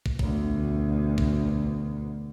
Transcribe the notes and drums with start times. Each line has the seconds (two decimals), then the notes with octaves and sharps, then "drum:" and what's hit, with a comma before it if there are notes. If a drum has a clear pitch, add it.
0.06 drum: kick
0.19 D2 B2, drum: kick
1.18 drum: kick